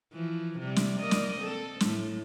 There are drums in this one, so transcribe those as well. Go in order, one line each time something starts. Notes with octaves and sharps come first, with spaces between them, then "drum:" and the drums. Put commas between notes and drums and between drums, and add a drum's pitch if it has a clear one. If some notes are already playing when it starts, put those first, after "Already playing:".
E3 F3
C3 G3
drum: snare
A#3 D5 D#5
drum: snare
C4 A4
A2, drum: snare